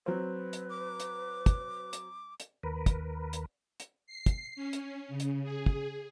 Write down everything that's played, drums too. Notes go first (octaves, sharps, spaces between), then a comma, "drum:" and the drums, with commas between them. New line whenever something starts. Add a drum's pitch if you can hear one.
F#3 C4 B4
drum: hi-hat
D6
drum: hi-hat
drum: kick, hi-hat
drum: hi-hat
drum: hi-hat
D#2 A#4 B4
drum: kick, hi-hat
drum: hi-hat
drum: hi-hat
C7
drum: kick, hi-hat
C#4
drum: hi-hat
C#3
drum: hi-hat
G#4
drum: kick